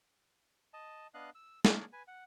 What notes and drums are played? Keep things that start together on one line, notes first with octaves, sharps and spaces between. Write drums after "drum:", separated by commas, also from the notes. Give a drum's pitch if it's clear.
D#5 A5
B3 D4 D#5 F5 F#6
E6
D4 G#4 A#4 C#5 D5, drum: snare
B4 G#5
F#5